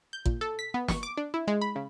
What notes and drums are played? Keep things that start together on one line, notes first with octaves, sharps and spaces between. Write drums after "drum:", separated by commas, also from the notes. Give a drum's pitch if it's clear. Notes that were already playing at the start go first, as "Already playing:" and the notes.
G6
A#2, drum: kick
A4
B6
B3
C#6, drum: snare
D6
D4
E4
G#3
B5
C#3